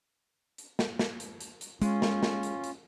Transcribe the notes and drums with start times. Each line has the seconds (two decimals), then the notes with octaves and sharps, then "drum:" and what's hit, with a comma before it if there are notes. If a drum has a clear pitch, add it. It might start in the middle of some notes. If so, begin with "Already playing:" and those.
0.58 drum: hi-hat
0.79 drum: snare
0.99 drum: snare
1.20 drum: hi-hat
1.40 drum: hi-hat
1.61 drum: hi-hat
1.82 G#3 C#4 F4, drum: hi-hat
2.02 drum: snare
2.23 drum: snare
2.43 drum: hi-hat
2.64 drum: hi-hat